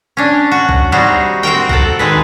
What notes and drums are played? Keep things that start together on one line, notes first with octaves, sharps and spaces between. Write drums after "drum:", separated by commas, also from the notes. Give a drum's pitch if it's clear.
C#4 D4
F#4
drum: kick B1
G3 C4 D#4 F#4 G#4 E5
C4 F#4 A#4 G5
A4 F#5, drum: kick B1
D#3 G#3 B4